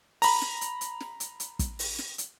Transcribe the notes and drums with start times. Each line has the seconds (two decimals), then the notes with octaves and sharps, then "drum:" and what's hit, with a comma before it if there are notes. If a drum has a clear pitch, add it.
0.22 A#5 B5, drum: open hi-hat
0.42 drum: snare
0.61 drum: hi-hat
0.81 drum: hi-hat
1.00 drum: snare
1.20 drum: hi-hat
1.40 drum: hi-hat
1.59 drum: kick, hi-hat
1.79 drum: open hi-hat
1.99 drum: snare
2.18 drum: hi-hat